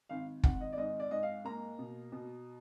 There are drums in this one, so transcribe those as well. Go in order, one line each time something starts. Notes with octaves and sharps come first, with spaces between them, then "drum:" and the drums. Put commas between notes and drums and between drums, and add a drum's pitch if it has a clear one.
G#1 F5
G#1 F#5, drum: kick
D#5
D5
G#2 D#5
D5
G#2 D#5
F5
A#3 A#5
B2
B2